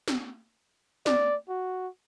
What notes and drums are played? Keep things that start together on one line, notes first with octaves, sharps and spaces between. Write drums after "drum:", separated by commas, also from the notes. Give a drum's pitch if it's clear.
drum: snare
D5, drum: snare
F#4